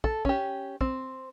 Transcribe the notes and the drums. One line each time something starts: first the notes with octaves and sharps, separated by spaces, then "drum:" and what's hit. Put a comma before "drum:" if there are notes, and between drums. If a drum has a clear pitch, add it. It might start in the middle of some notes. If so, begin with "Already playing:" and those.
A4, drum: kick
C#4 G4, drum: kick
C4, drum: kick